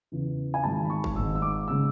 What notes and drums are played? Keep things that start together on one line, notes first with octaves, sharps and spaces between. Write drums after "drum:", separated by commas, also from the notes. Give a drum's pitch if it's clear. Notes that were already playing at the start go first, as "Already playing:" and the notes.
E2 C#3 E3
G#5
G#1 G#2 G#3 A5
B5
C#6
drum: kick G1
G#1 G#2 G#3 E6
E6
D6
C#3 G#3 E6